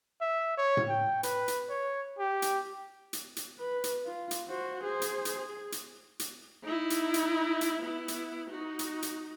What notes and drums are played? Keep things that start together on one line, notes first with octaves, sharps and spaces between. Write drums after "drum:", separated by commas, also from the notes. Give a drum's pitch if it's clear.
E5
C#5
drum: tom A2
G5
B4, drum: hi-hat
drum: hi-hat
C#5
G4
drum: hi-hat
drum: hi-hat
drum: hi-hat
B4
drum: hi-hat
F4
drum: hi-hat
F#4 C5
G#4 C5
drum: hi-hat
drum: hi-hat
G#4
drum: hi-hat
drum: hi-hat
D#4 E4
drum: hi-hat
drum: hi-hat
drum: hi-hat
B3 E4
drum: hi-hat
D#4 F#4
drum: hi-hat
drum: hi-hat